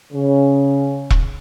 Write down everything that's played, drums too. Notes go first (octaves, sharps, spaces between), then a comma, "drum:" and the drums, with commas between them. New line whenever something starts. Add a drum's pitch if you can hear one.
C#3
drum: kick E1